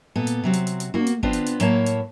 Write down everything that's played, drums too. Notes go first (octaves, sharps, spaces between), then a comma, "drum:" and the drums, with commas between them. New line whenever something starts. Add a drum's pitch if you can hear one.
A#2 B3 A4
drum: hi-hat
C3 F#3 C4
drum: hi-hat
drum: hi-hat
drum: hi-hat
A#3 F#4, drum: tom
drum: hi-hat
B3 C4 D4 F4, drum: kick G1
drum: hi-hat
drum: hi-hat
A2 F#3 A#3 E4 C#5 A5, drum: hi-hat
drum: hi-hat